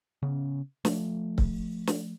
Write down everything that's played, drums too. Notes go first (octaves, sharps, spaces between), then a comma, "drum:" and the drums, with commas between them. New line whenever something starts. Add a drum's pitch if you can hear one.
C#3 B3 C#4
F3 A3, drum: snare
drum: kick C#1
drum: snare